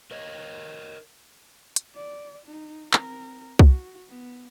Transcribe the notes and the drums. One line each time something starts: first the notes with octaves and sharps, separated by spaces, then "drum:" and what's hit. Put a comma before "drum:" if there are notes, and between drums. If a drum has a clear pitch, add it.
A#4 C#5 D#5
drum: hi-hat
D5
D#4
C4 A#4, drum: clap
F#4, drum: kick C2
B3